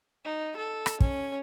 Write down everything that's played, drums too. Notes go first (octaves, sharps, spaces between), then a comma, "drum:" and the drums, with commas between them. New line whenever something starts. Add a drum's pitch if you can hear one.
D#4
A4
drum: rim click
C#4, drum: kick